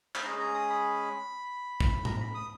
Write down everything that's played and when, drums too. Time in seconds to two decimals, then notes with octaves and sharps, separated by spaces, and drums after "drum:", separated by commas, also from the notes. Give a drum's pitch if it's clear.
0.15 B5, drum: clap
0.24 G#3 C#4 G#4 A#5
0.40 A#5
0.54 D#6
0.69 B5
1.80 drum: kick
2.05 A#5, drum: tom A2
2.20 B5
2.34 D#6